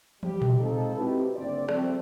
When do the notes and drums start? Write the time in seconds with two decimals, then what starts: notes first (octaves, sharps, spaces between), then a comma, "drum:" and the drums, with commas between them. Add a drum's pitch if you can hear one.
0.23 G3 G4, drum: tom
0.42 drum: tom A#2
0.58 G#3 C4 D#4 F4 A4
0.95 C4 D#4 E4 F#4 G4 B4
1.34 F#1 D3 C4 D5
1.69 F3 G3 A3 C4, drum: rim click